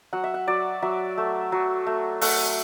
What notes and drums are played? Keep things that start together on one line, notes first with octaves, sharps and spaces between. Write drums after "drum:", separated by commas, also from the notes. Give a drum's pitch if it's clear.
F#3 F#5
E5
F#5
F#3 D5
F#3 E5
A3
F#3
A3
A3 F#5, drum: open hi-hat